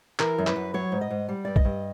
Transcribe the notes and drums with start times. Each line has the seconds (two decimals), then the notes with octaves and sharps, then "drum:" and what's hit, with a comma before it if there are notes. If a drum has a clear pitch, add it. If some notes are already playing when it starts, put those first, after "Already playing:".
0.19 E3 A#4, drum: clap
0.38 F#2
0.47 B4, drum: clap
0.56 F#2
0.74 F#3 C#5
0.92 G#2
1.01 D#5
1.10 G#2
1.29 G3
1.45 G2 D5
1.56 D#5, drum: kick
1.65 G2